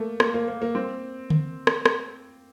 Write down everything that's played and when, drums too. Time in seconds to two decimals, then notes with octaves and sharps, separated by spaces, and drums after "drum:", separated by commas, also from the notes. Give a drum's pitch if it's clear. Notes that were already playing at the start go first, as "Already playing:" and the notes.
Already playing: A3 A#3
0.20 A#3, drum: rim click
0.34 A#3
0.48 A#3
0.62 A#3
0.75 C4
1.30 drum: tom D3
1.67 drum: rim click
1.86 drum: rim click